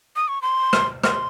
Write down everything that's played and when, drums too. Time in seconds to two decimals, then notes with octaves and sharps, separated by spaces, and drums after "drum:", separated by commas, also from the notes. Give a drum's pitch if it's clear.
0.16 D#6
0.28 C#6
0.42 C6
0.73 drum: rim click
1.04 C6, drum: rim click